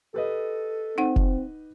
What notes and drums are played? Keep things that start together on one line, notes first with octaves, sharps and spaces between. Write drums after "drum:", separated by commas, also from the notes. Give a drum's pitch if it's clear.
G4 A4 B4 D#5
C4 D#4 F#5
drum: kick F1